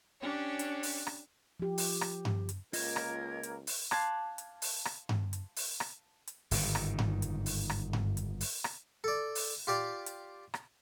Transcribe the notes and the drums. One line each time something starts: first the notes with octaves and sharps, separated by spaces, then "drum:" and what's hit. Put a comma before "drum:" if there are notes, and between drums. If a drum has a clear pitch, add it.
C#4 D4 G4 C#5
drum: hi-hat
drum: open hi-hat
drum: rim click
F3 G4
drum: open hi-hat
drum: rim click
drum: tom G2
drum: hi-hat
C#2 A#3 F4 A#4 D#5 G#6, drum: open hi-hat
drum: rim click
drum: hi-hat
drum: open hi-hat
F5 A5 C6 D6 F#6 G#6, drum: rim click
drum: hi-hat
drum: open hi-hat
drum: rim click
drum: tom G2
drum: hi-hat
drum: open hi-hat
drum: rim click
drum: hi-hat
G1 G#2 C3 D#3, drum: open hi-hat
drum: rim click
drum: tom G2
drum: hi-hat
drum: open hi-hat
drum: rim click
drum: tom G2
drum: hi-hat
drum: open hi-hat
drum: rim click
A4 D5
drum: open hi-hat
F4 G4 D5 F5
drum: hi-hat
drum: rim click